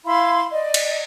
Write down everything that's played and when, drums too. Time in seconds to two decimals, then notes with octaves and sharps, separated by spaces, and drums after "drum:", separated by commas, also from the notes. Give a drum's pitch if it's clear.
0.05 E4 F5 B5 C6
0.51 D5 D#5
0.74 drum: cymbal